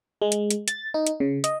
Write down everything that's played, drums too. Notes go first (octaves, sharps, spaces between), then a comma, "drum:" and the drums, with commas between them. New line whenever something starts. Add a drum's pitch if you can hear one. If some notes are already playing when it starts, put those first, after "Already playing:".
G#3
drum: hi-hat
drum: hi-hat
A6, drum: hi-hat
D#4
drum: hi-hat
C#3
D#5, drum: hi-hat